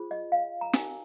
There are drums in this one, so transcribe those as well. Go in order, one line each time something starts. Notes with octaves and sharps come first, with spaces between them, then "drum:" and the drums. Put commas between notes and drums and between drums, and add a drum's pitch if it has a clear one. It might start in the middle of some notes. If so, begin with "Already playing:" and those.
Already playing: F4 G#4 C5
D#5
F5
A#5
D#4 A#4 G#5, drum: snare